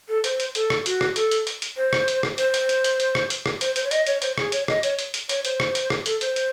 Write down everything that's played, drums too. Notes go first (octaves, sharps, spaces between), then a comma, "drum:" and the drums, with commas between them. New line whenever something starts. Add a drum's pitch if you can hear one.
A4
C5, drum: hi-hat
drum: hi-hat
A4, drum: hi-hat
drum: rim click
F#4, drum: hi-hat
drum: rim click
A4, drum: hi-hat
drum: hi-hat
drum: hi-hat
drum: hi-hat
C5
drum: rim click
drum: hi-hat
drum: rim click
C5, drum: hi-hat
drum: hi-hat
drum: hi-hat
drum: hi-hat
drum: hi-hat
drum: rim click
drum: hi-hat
drum: rim click
C5, drum: hi-hat
C5, drum: hi-hat
C#5
D#5, drum: hi-hat
C#5, drum: hi-hat
C5, drum: hi-hat
G#4, drum: rim click
C#5, drum: hi-hat
D#5, drum: rim click
C#5, drum: hi-hat
drum: hi-hat
drum: hi-hat
C#5, drum: hi-hat
C5, drum: hi-hat
drum: rim click
drum: hi-hat
drum: rim click
A4, drum: hi-hat
C5, drum: hi-hat
drum: hi-hat